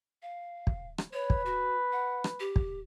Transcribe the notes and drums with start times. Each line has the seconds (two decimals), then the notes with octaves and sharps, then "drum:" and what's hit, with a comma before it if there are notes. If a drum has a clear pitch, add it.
0.22 F5
0.67 drum: kick
0.98 drum: rim click
1.13 B4 C#5
1.30 drum: kick
1.46 F#4
1.93 F#5
2.24 drum: rim click
2.40 G4
2.56 drum: kick